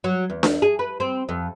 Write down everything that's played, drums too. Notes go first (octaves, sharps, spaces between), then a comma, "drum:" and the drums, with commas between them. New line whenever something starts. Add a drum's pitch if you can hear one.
F#3
E2
drum: snare D4
G#4
B4
C4
F2